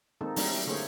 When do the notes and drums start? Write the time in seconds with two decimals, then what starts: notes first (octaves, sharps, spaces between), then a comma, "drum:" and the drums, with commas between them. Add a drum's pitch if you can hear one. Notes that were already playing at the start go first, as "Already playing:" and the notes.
0.21 D#3 G#3 A#3 C4 D#4 A4
0.36 F#3 G3 A3 C4 D4 D#4, drum: open hi-hat
0.51 E4 G4
0.67 D3 A3 A#3 G#4 C5 C#5